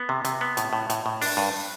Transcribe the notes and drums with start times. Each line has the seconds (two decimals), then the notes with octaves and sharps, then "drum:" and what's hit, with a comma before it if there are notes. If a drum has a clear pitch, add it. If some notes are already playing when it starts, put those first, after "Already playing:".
Already playing: B3
0.09 C3
0.25 C3, drum: hi-hat
0.41 B3
0.57 A2, drum: hi-hat
0.73 A2
0.90 A2, drum: hi-hat
1.06 A2
1.22 D4, drum: open hi-hat
1.37 G2